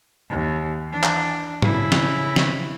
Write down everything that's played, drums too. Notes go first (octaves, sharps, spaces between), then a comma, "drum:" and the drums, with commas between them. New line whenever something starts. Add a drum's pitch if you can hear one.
D#2
E3 D4
drum: clap
C#3 E4, drum: tom G#2
drum: snare
drum: snare